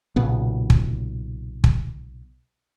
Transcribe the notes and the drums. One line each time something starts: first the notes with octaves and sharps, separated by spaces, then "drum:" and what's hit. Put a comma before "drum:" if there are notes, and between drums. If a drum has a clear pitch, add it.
B1 A#2 C#3 B3
drum: kick
drum: kick